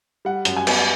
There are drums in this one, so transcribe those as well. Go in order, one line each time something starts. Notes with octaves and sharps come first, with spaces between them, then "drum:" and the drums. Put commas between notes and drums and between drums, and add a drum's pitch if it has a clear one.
G3 F#5
F#2, drum: hi-hat
G#5
B3, drum: cymbal